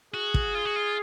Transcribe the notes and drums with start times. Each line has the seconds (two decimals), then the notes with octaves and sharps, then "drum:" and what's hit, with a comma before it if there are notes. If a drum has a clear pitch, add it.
0.14 F#4 G#4
0.34 drum: kick
0.55 F4
0.65 F#4
0.76 F4